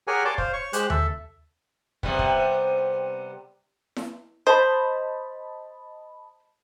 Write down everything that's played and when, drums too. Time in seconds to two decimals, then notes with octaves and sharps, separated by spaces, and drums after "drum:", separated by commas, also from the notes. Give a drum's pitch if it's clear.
0.07 G4 G#4 A#4 C#5 F#5 G#5
0.25 C#5 D5 A5 C6 D6
0.38 C5 F5, drum: kick
0.53 C#5 C#6
0.73 G#3 G4 C5 F#6, drum: hi-hat
0.90 A4 E5, drum: tom D#2
2.03 C3 G3 B3, drum: kick
2.19 drum: kick
3.97 drum: snare E4
4.47 C5 D#5 A5 B5